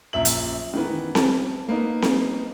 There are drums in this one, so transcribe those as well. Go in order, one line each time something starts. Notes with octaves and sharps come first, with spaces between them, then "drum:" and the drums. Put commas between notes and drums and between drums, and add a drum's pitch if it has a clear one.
A#1 F#2 E5 F#7
drum: hi-hat
D#3 E3 B3
A5, drum: snare C4
A#3 B3 D#4
drum: snare C4